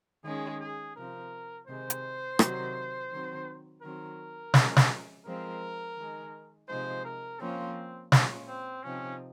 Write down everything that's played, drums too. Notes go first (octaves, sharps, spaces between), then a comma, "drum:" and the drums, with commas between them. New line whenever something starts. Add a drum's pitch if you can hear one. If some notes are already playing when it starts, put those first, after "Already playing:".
D#3 G#3 C#4 G#4
G#4
C3 F3 C4 A#4
C3 D#3 G#3 C5
drum: hi-hat
C3 D#3 F#3, drum: rim click
D#3 F#3 C4
D#3 F#3 C4 A#4
F3 G#3 C#4, drum: snare
drum: snare
F3 G#3 C4 F4 A#4
D#3 G#3 D#4
C3 F3 G#3 D#4 C5
A#4
F3 A#3 C4 C#4 F4
A#2 G#3 C#4 F4, drum: snare
C4
C3 F3 C4 C#4 D#4